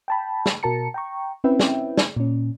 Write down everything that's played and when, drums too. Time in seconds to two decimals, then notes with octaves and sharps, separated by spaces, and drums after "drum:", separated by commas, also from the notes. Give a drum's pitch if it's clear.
0.08 G5 A5 B5
0.46 drum: snare
0.63 B2 F#4 A#4 A5 A#5 C#7
0.94 G5 A#5 C#6
1.44 C4 C#4 E4 B4 E5 G5
1.60 drum: snare
1.97 drum: snare
2.16 A#2 C#4